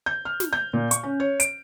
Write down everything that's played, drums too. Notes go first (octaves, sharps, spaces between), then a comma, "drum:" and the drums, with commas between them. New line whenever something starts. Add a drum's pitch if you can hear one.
G6
F6
drum: snare
G6
A#2
C#6, drum: hi-hat
C#4
C#5
D7, drum: hi-hat